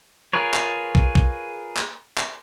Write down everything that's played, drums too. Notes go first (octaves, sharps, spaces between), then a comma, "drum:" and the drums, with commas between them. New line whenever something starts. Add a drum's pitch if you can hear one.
F4 G#4 A#4 B4 C#5
drum: clap
drum: kick
drum: kick
drum: clap
drum: clap